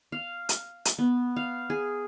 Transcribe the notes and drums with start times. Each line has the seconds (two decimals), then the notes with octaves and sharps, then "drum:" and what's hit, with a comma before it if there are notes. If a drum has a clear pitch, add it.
0.12 F5
0.49 drum: hi-hat
0.85 drum: hi-hat
0.98 B3
1.36 F5
1.70 G#4